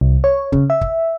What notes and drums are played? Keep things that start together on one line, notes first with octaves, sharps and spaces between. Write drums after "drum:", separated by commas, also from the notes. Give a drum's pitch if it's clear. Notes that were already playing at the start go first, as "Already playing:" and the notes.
C2
C#5
C#3, drum: kick
E5
drum: kick